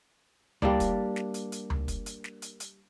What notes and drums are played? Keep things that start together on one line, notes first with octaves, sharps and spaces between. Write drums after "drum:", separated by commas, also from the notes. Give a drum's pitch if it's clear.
G3 A#3 D4, drum: tom C#2
drum: kick, hi-hat
drum: snare
drum: hi-hat
drum: hi-hat
drum: tom C#2
drum: kick, hi-hat
drum: hi-hat
drum: snare
drum: hi-hat
drum: hi-hat